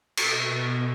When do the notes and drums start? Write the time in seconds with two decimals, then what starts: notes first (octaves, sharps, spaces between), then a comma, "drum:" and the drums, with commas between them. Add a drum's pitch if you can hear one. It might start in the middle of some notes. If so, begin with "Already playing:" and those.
0.17 B2, drum: cymbal